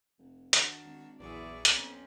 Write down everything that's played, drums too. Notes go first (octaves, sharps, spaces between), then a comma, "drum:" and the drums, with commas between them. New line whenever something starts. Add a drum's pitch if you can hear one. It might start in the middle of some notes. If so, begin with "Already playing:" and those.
F1
D#3 D4 F#4, drum: hi-hat
G#1
A#1 E2 F#3 E4 G#4 D5 C#6
B1 F2 C#4, drum: hi-hat